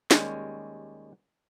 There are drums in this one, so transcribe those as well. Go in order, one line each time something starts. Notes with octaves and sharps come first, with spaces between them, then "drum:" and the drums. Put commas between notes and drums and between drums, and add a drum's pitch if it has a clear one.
D#2 G3 G#3 C#4, drum: snare